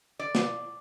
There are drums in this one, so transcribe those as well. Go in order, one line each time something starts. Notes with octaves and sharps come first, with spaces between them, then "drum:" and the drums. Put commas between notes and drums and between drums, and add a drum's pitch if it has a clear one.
D5
drum: snare